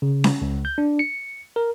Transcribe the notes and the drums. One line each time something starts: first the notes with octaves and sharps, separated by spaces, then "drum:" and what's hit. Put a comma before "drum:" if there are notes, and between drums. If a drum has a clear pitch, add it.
C#3
drum: snare C#4
C#2
G6
D4
C#7
A#4